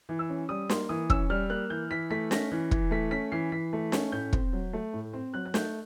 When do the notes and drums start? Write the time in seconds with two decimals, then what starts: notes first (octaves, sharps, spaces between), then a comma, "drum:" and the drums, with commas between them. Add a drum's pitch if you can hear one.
0.09 E3
0.19 E6
0.30 C#4
0.49 G3 D#6
0.69 A#3 C6, drum: snare
0.89 E3 D#6
1.10 C#4 E6, drum: kick
1.30 G3 F6
1.50 A#3 F#6
1.70 E3 G6
1.91 E3 B6
2.10 A3 B6
2.31 C#4 A#6, drum: snare
2.51 E3
2.71 E3, drum: kick
2.91 A3 B6
3.11 C#4 B6
3.32 E3 C7
3.52 E3 B6
3.73 A3
3.92 C#4, drum: snare
4.12 A2 G6
4.33 C4, drum: kick
4.53 F#3
4.73 A3
4.93 A2
5.13 C4
5.34 F#3 F#6
5.45 F#6
5.54 A3 G6, drum: snare